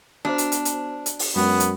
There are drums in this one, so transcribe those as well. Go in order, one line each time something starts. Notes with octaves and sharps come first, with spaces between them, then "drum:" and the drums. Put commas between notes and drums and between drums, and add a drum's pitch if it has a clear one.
B3 D4 F#4 C5
drum: hi-hat
drum: hi-hat
drum: hi-hat
drum: hi-hat
drum: open hi-hat
F#2 G#3 B3
drum: hi-hat